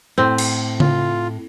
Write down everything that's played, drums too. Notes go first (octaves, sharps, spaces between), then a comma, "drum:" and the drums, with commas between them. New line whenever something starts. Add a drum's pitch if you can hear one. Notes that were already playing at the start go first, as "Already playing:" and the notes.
A2 C4
drum: cymbal
F4, drum: tom C#3